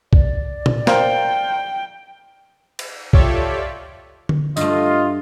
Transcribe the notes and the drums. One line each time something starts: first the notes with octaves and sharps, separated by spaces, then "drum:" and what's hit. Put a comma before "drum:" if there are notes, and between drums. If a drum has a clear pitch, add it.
D5, drum: kick B1
drum: tom A#2
A#4 C5 F5 G5, drum: snare
drum: cymbal
F4 G4 A4 C#5 D5 E5, drum: kick B1
drum: tom D3
G2 A3 F4 D#5, drum: tambourine